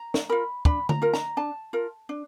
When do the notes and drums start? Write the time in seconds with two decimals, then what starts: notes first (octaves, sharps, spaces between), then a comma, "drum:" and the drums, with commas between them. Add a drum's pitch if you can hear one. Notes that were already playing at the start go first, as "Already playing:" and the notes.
Already playing: A#5
0.14 drum: snare
0.30 F4 A#4 B5
0.65 D4 B5, drum: kick
0.89 A#5, drum: tom D3
1.02 F4 A#4
1.13 A#5, drum: snare
1.37 D4 A5
1.73 F4 A#4
2.09 D4